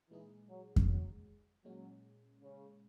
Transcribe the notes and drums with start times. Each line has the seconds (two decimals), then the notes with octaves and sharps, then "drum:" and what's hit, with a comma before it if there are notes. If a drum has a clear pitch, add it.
0.10 A#2 E3 G#3 D#4 G#4
0.49 F#3
0.76 drum: kick F2
0.88 F#3
1.65 A#2 F#3 G#3 C#4
2.42 C#3